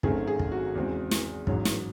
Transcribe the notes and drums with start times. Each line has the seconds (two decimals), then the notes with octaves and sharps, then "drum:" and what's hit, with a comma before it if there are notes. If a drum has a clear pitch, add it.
0.03 G#1 F#2 D#3 A3 C4 G#4, drum: kick
0.27 G#4
0.39 drum: kick
0.52 F#4
0.75 E2 C#3 G#3 C4
1.11 drum: snare
1.47 A1 G#2 F#3, drum: kick
1.65 drum: snare